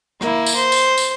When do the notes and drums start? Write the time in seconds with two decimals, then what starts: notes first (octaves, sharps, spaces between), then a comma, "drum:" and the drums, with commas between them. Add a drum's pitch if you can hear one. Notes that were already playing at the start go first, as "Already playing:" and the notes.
0.21 A#3 E4, drum: rim click
0.46 drum: tambourine
0.56 C5
0.72 drum: tambourine
0.98 drum: tambourine